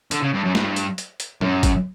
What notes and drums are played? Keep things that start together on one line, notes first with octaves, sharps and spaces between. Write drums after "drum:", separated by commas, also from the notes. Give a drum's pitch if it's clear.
D3, drum: hi-hat
C#3
G2
F#2
G2, drum: snare
drum: hi-hat
drum: hi-hat
drum: hi-hat
F#2, drum: tom A#2
drum: kick G1, hi-hat